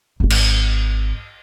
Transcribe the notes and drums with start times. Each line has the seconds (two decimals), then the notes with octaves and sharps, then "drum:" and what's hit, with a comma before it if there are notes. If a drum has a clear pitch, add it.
0.20 D#1 G#1
0.30 drum: cymbal